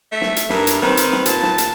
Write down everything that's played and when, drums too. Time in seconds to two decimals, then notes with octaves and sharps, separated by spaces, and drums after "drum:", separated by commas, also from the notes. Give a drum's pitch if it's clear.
0.12 A3 E5
0.21 drum: snare
0.36 drum: hi-hat
0.49 G2 A#4 A#5, drum: snare
0.67 drum: hi-hat
0.82 D#3 C4 B4 C5, drum: snare
0.97 drum: hi-hat
1.12 drum: snare
1.26 A#2 A5, drum: hi-hat
1.43 drum: snare
1.58 drum: hi-hat